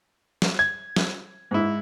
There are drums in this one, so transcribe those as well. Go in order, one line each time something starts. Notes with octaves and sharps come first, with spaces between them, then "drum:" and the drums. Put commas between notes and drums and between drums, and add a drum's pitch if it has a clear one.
drum: snare
G#6
drum: snare
G#2 E4